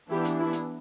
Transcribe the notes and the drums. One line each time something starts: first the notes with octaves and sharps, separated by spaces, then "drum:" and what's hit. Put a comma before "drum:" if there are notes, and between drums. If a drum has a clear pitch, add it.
E3 B3 D4 E4 G4
drum: hi-hat
E4
drum: hi-hat